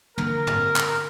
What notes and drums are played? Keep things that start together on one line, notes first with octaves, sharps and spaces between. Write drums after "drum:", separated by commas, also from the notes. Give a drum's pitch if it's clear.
D3 A#3 A#4, drum: tom
drum: tom
drum: clap